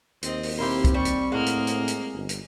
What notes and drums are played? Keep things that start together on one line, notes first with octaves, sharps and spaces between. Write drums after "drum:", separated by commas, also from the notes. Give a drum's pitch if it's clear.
D#2 C4 D#5, drum: hi-hat
drum: open hi-hat
A#3 C4 E4 G4 C6
drum: kick, hi-hat
G3 C#6
drum: hi-hat
A2 G#3 A#3 G#4 F#5 F6
drum: hi-hat
drum: hi-hat
drum: hi-hat
G1
drum: hi-hat